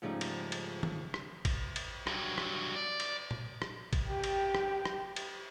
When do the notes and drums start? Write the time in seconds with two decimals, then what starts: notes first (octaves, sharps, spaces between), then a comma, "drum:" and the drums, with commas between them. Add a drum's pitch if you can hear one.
0.02 G#2 C#3 F3 G3 A3 D#4
0.21 drum: cymbal
0.52 drum: cymbal
0.83 drum: tom D#3
1.14 drum: rim click
1.45 drum: kick A1, cymbal
1.76 drum: cymbal
2.07 G2 F#3, drum: rim click
2.38 drum: rim click
2.76 D5
3.00 drum: cymbal
3.31 drum: tom A#2
3.62 drum: rim click
3.93 drum: kick A1, cymbal
4.09 G4 G5
4.24 drum: cymbal
4.55 drum: rim click
4.85 drum: rim click
5.16 drum: cymbal